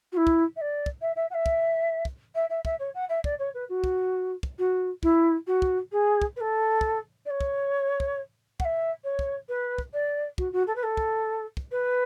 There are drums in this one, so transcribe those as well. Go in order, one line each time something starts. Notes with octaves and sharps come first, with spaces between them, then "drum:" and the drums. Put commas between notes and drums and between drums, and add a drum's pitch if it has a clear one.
F#4
E4
drum: kick
E5
D5
drum: kick
E5
E5
F#5
E5
drum: kick
drum: kick
E5
E5
E5, drum: kick
C#5
F#5
E5
D5, drum: kick
C#5
B4
F#4
drum: kick
drum: kick
F#4
E4, drum: kick
F#4
drum: kick
G#4
drum: kick
B4
A4
drum: kick
D5
C#5
drum: kick
drum: kick
F#5, drum: kick
E5
C#5
drum: kick
B4
drum: kick
D5
F#4, drum: kick
F#4
A4
B4
A4
drum: kick
drum: kick
B4